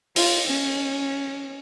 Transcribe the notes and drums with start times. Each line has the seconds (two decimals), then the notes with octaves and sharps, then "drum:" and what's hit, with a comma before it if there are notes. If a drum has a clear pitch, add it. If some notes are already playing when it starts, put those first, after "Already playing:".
0.16 F4, drum: open hi-hat
0.47 C#4